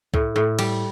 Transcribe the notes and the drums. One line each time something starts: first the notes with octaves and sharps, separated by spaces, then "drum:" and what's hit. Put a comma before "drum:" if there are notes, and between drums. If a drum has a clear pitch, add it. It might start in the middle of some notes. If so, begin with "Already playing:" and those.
A2, drum: kick C2
A2
G3, drum: cymbal